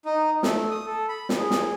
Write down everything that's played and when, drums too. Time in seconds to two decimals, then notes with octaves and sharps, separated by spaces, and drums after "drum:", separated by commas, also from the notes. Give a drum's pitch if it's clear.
0.05 D#4
0.43 A3, drum: snare
0.71 D#6
0.86 A4
1.09 B5
1.29 drum: snare
1.38 G#4
1.51 drum: snare